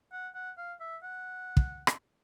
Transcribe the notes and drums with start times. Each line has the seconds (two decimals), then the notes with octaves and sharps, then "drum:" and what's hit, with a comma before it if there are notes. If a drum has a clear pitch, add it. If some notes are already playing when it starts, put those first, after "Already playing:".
0.12 F#5
0.35 F#5
0.58 F5
0.80 E5
1.03 F#5
1.57 drum: kick
1.87 drum: rim click